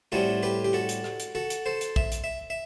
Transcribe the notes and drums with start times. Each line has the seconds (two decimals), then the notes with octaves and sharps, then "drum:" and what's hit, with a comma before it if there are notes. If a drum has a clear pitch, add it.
0.12 A2 G3 C4 F#4 A4
0.43 G4 B4
0.64 G4
0.73 F#4 A4
0.89 drum: hi-hat
1.04 drum: rim click
1.20 drum: hi-hat
1.35 F#4 A4
1.50 drum: hi-hat
1.66 A4 C5
1.81 drum: hi-hat
1.96 E5, drum: kick
2.12 drum: hi-hat
2.24 E5
2.50 E5